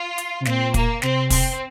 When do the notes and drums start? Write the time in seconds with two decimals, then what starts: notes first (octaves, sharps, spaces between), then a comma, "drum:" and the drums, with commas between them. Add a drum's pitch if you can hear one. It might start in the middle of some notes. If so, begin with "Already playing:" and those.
Already playing: F4
0.18 drum: hi-hat
0.40 C3
0.45 A#2 C4, drum: snare
0.74 A#3, drum: kick, hi-hat
1.02 C3 C4, drum: snare
1.30 C4, drum: kick, open hi-hat